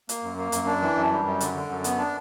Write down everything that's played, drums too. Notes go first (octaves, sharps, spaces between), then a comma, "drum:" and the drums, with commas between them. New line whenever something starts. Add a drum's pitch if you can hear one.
A#3, drum: hi-hat
F#2
A#3
F#2, drum: hi-hat
D4
E3
F#2
G3
F#2
D3, drum: hi-hat
D3
F#2
B3, drum: hi-hat
D4